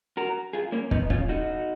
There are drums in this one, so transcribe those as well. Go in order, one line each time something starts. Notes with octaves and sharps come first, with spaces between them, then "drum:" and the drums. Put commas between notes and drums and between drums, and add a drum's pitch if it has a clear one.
F#4 A#4
F4 G#4
A#3 C#4
B3 D#4, drum: kick
C#4 F4, drum: kick
D#4 F#4